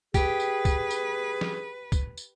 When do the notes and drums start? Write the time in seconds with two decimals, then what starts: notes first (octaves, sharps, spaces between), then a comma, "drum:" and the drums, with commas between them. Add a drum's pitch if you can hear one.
0.14 G4 G#4 B4, drum: kick, tambourine
0.40 drum: tambourine
0.65 drum: kick, tambourine
0.90 drum: tambourine
1.41 drum: snare
1.92 drum: kick, tambourine
2.17 drum: tambourine